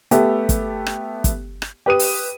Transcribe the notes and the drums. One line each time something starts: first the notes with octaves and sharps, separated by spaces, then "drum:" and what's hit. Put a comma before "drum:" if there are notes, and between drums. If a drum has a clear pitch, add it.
A3 B3 G4 A4, drum: hi-hat
drum: kick, hi-hat
drum: rim click
drum: kick, hi-hat
drum: rim click
G4 B4 D#6 D#7
drum: open hi-hat